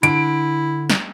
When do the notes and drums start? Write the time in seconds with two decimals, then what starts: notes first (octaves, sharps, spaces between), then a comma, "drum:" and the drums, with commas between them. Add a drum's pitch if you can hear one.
0.03 D3 E4 D7, drum: hi-hat
0.90 drum: snare